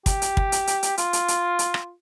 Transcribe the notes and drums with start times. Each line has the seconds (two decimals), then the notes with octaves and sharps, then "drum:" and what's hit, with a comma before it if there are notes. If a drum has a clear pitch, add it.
0.06 G4, drum: kick, hi-hat
0.22 drum: hi-hat
0.37 drum: kick
0.52 drum: hi-hat
0.67 drum: hi-hat
0.83 drum: hi-hat
0.98 F4, drum: hi-hat
1.13 drum: hi-hat
1.28 drum: hi-hat
1.59 drum: hi-hat
1.74 drum: rim click